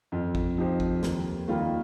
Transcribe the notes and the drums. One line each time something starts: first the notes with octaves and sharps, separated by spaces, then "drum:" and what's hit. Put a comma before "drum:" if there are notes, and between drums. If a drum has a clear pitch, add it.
F2
drum: kick A1
F3 D#4 G4 C5
drum: kick A1
D#2, drum: snare
D#3 G3 A#3 F4